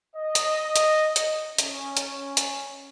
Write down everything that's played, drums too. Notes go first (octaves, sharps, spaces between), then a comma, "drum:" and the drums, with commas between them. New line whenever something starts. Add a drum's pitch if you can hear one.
D#5
drum: hi-hat
drum: hi-hat
drum: hi-hat
C#4, drum: hi-hat
drum: hi-hat
drum: hi-hat